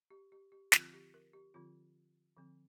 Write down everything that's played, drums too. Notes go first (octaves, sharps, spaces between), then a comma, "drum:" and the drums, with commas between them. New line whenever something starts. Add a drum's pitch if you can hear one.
G4
G4
G4
D3 F3 C4 F4, drum: snare
G4
A#4
G4
D3 F3 C4 F4
D3 F3 C4